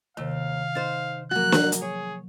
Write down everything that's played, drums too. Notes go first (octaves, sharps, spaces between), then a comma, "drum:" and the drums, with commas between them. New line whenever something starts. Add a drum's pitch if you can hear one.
D#2 C3 D#3 F5
D#4 C5 A6
F3 F#3 A#3 F#4 F#6
drum: snare
drum: hi-hat
G#4 C#5